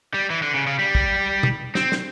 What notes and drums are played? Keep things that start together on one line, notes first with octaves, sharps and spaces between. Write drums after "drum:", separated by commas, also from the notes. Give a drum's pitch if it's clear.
G3
E3
D3
C#3
C#3
G3
drum: kick
drum: tom
C4, drum: snare
drum: snare